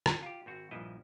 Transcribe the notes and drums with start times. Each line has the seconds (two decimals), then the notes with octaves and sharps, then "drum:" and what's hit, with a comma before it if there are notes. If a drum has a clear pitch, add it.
0.06 drum: rim click
0.22 F4 G4
0.46 G#1 C4 F#4
0.71 A#1 G2 F3 E4 D#5